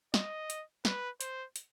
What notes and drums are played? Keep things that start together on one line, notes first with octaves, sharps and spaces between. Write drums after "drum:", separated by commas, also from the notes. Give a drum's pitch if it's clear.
D#5, drum: snare
drum: hi-hat
B4, drum: snare
C5, drum: hi-hat
drum: hi-hat